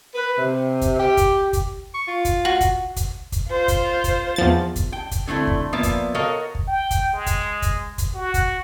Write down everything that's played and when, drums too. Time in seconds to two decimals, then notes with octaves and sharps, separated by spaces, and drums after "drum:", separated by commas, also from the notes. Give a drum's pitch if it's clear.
0.15 B4
0.38 C3
0.81 drum: kick, hi-hat
0.99 G4
1.17 drum: kick, hi-hat
1.53 drum: kick, hi-hat
1.94 C#6
2.08 F4
2.25 drum: kick, hi-hat
2.45 F#4
2.61 drum: kick, hi-hat
2.96 drum: kick, hi-hat
3.32 drum: kick, hi-hat
3.49 F4 C5
3.68 drum: kick, hi-hat
4.04 drum: kick, hi-hat
4.36 E2 F3 A6
4.76 drum: kick, hi-hat
4.92 G5
5.11 drum: kick, hi-hat
5.27 D3 A3 C4 E4
5.47 drum: kick
5.73 F3 A#3 B3 D5 E5
5.83 drum: kick, hi-hat
6.14 F#4 A4 A#4 C#5 D#5 F5
6.55 drum: kick
6.68 G5
6.91 drum: kick, hi-hat
7.13 G#3
7.26 drum: kick, hi-hat
7.62 drum: kick, hi-hat
7.98 drum: kick, hi-hat
8.14 F#4
8.34 drum: kick, hi-hat